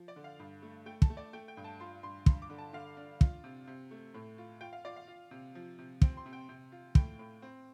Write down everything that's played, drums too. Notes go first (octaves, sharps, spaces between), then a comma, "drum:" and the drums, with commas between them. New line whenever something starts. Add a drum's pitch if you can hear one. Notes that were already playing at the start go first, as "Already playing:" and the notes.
Already playing: F3
D5
D3
F5
G2
A3
A3 G5
A5, drum: kick
A3
D5
A3 G5
G5
G2
A5
F4 C6
G2 C6
G2 C6, drum: kick
D6
D3
A5
D3 F5
D4
F4, drum: kick
C3
C3
A3
A2
F4
F4 G5
F5
F4 D5
F5
F4
C3
F3
C3
C4 G5, drum: kick
C6
C3
G5
C3
F4
A2 G5, drum: kick
A2
C4